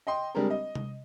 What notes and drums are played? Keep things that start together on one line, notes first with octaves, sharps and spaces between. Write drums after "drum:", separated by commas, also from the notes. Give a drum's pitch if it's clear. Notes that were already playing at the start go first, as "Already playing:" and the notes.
D#5 G5 C6
G3 G#3 C4 D4 G4 A#4
D#5
drum: tom C3